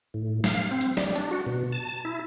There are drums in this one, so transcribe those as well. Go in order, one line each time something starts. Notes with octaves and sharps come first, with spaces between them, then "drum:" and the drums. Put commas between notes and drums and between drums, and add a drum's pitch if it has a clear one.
A2
F5, drum: snare
C4
drum: hi-hat
G3, drum: snare
D4, drum: hi-hat
F#4
B2
A5
A5
E4